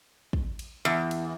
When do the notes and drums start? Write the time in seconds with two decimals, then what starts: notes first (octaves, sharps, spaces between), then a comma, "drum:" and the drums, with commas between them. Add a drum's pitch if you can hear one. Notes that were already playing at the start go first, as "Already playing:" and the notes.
0.33 drum: kick
0.59 drum: cymbal
0.85 E2
1.11 drum: cymbal